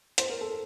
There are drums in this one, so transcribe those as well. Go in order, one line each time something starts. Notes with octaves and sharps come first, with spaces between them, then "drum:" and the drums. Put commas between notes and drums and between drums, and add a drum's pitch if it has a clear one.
C5, drum: hi-hat
A#4
A4